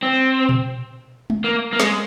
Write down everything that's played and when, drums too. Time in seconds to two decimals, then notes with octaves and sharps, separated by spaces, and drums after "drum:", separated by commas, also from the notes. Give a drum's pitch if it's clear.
0.03 C4
0.49 drum: tom A#2
1.30 drum: tom
1.44 A#3
1.73 A#3
1.80 G#3, drum: snare